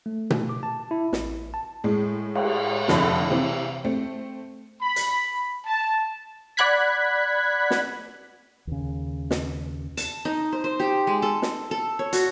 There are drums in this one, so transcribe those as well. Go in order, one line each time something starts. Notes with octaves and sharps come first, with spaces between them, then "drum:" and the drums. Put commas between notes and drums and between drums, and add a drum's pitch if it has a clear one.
A3
drum: tom B2
D6
A5
E4
A1, drum: snare
A5
A2 G#3
drum: cymbal
F1 F2 D3 E4 B5, drum: snare
C3 E3 C4
A3 C4
B5
drum: hi-hat
A5
D5 F#5 B5 F#6 G#6 B6
drum: snare
D#2 C#3
drum: snare
A5, drum: hi-hat
D#4
C5
C5
G4
G#3
A4
drum: snare
A4
C#5
F#4, drum: hi-hat